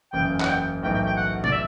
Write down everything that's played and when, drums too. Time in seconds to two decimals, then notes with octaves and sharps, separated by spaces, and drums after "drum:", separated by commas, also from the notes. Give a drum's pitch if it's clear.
0.13 F#1 E2 C#3 G5
0.40 F#5, drum: clap
0.47 G5
0.82 B1 A2 E3 B3 F#4 G5
0.94 G5
1.06 G5
1.17 F#5
1.44 D5, drum: tom
1.52 E5